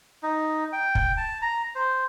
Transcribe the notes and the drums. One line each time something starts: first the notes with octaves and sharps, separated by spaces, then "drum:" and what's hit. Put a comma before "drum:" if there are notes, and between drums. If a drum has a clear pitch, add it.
D#4
G5
drum: kick
A5
A#5
C5